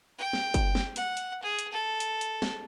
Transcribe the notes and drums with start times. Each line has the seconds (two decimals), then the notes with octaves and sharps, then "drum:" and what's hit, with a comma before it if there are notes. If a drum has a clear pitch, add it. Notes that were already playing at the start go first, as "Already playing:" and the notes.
0.19 G5
0.33 drum: snare
0.54 drum: kick F#1, hi-hat
0.75 drum: snare
0.96 F#5, drum: hi-hat
1.17 drum: hi-hat
1.43 G#4
1.59 drum: hi-hat
1.72 A4
2.00 drum: hi-hat
2.21 drum: hi-hat
2.42 drum: snare